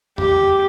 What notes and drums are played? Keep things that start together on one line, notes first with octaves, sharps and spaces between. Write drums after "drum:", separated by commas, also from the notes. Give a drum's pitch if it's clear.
G4, drum: tom E2